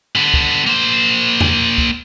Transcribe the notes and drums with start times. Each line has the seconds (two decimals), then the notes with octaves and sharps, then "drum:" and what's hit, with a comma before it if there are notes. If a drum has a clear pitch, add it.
0.16 D3 B3
0.34 drum: kick
0.67 A#3 C5
1.41 drum: tom E2
1.78 drum: kick